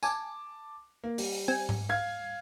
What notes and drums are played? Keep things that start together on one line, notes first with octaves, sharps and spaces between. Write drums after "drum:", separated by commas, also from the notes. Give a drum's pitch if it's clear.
G#5 A5 D6, drum: tambourine
A#3
G3, drum: open hi-hat
C4 G#5
drum: tom G#2
F5 G#6